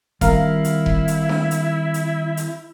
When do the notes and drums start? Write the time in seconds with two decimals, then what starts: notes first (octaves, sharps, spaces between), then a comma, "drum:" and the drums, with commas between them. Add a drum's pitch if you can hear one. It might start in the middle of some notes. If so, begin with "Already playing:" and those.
0.21 D#3 G3 C4 E4 A#4 F5, drum: kick F1, hi-hat
0.64 drum: hi-hat
0.86 drum: kick F1
1.08 drum: hi-hat
1.29 drum: snare D4
1.51 drum: hi-hat
1.94 drum: hi-hat
2.37 drum: hi-hat